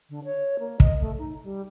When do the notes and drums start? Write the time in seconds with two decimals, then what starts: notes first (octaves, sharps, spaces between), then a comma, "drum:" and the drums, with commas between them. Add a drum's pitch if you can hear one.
0.10 D3
0.25 C#5
0.59 A#3
0.80 D#5, drum: kick
1.01 A3
1.19 D#4
1.44 G3